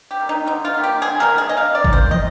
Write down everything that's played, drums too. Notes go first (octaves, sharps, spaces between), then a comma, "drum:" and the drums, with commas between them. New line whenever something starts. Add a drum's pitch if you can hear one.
G4
G3 A#3
D#4
D3 D#4
F4
G3 A#3
G4
D3 G#4
A#4, drum: clap
G3 A#3
G#4
D#5
C3 F5
D5
F3 A#3, drum: kick G#1
C5
C3 D#5, drum: tom